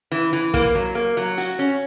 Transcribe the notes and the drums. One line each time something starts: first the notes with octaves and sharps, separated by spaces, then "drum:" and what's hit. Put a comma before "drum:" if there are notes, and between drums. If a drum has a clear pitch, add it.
E3
E3
A#3, drum: kick, hi-hat
F#3
A#3
F#3
F#4, drum: hi-hat
C#4